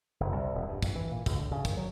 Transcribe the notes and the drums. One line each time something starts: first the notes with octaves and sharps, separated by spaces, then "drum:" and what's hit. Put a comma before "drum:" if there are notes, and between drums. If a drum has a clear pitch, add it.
F#1
C2
D#1
G2
F2, drum: kick, tambourine
E3
A#2
C#2, drum: kick, tambourine
D3
C#3
D#3, drum: kick, tambourine
F#3